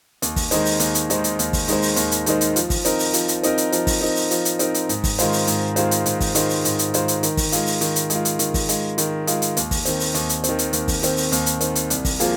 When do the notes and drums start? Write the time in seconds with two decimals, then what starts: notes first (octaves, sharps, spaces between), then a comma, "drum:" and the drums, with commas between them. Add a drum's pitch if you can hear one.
0.22 D#2, drum: hi-hat
0.36 drum: kick, open hi-hat
0.51 D#3 G#3 D#4 C5, drum: hi-hat
0.65 drum: open hi-hat
0.80 D#2, drum: hi-hat
0.95 drum: hi-hat
1.10 D#3 G#3 D#4 C5, drum: hi-hat
1.24 drum: hi-hat
1.39 D#2, drum: hi-hat
1.53 drum: kick, open hi-hat
1.68 D#3 G#3 D#4 C5, drum: hi-hat
1.82 drum: open hi-hat
1.96 D#2, drum: hi-hat
2.12 drum: hi-hat
2.26 D#3 G#3 D#4 C5, drum: hi-hat
2.41 drum: hi-hat
2.56 F3, drum: hi-hat
2.70 drum: kick, open hi-hat
2.85 C4 D#4 A#4, drum: hi-hat
2.99 drum: open hi-hat
3.13 F3, drum: hi-hat
3.28 drum: hi-hat
3.43 C4 D#4 A#4, drum: hi-hat
3.58 drum: hi-hat
3.72 F3, drum: hi-hat
3.87 drum: kick, open hi-hat
4.01 C4 D#4 A#4
4.16 drum: open hi-hat
4.31 F3, drum: hi-hat
4.45 drum: hi-hat
4.59 C4 D#4 A#4, drum: hi-hat
4.74 drum: hi-hat
4.89 G#2, drum: hi-hat
5.04 drum: kick, open hi-hat
5.19 D#3 G#3 F4 C5, drum: hi-hat
5.33 drum: open hi-hat
5.47 G#2, drum: hi-hat
5.76 D#3 G#3 F4 C5, drum: hi-hat
5.91 drum: hi-hat
6.06 G#2, drum: hi-hat
6.20 drum: kick, open hi-hat
6.35 D#3 G#3 F4 C5, drum: hi-hat
6.50 drum: open hi-hat
6.65 G#2, drum: hi-hat
6.79 drum: hi-hat
6.94 D#3 G#3 F4 C5, drum: hi-hat
7.08 drum: hi-hat
7.23 D#3, drum: hi-hat
7.37 drum: kick, open hi-hat
7.52 G#3 F4, drum: hi-hat
7.67 drum: open hi-hat
7.81 D#3, drum: hi-hat
7.96 drum: hi-hat
8.10 G#3, drum: hi-hat
8.15 F4
8.25 drum: hi-hat
8.39 D#3, drum: hi-hat
8.54 drum: kick, open hi-hat
8.69 G#3 F4, drum: hi-hat
8.98 D#3, drum: hi-hat
9.27 G#3 F4, drum: hi-hat
9.42 drum: hi-hat
9.57 D#2, drum: hi-hat
9.71 drum: kick, open hi-hat
9.85 D#3 C4, drum: hi-hat
10.00 drum: open hi-hat
10.15 D#2, drum: hi-hat
10.29 drum: hi-hat
10.44 C4, drum: hi-hat
10.49 D#3
10.59 drum: hi-hat
10.73 D#2, drum: hi-hat
10.88 drum: kick, open hi-hat
11.03 D#3 C4, drum: hi-hat
11.17 drum: open hi-hat
11.32 D#2, drum: hi-hat
11.46 drum: hi-hat
11.61 D#3 C4, drum: hi-hat
11.75 drum: hi-hat
11.90 C2, drum: hi-hat
12.05 drum: kick, open hi-hat
12.20 F3 A#3 G#4, drum: hi-hat